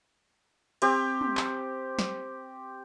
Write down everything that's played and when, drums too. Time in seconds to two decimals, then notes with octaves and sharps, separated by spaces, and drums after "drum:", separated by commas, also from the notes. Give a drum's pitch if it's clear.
0.82 C4 G4, drum: cymbal
1.21 drum: tom
1.37 drum: clap
1.99 drum: snare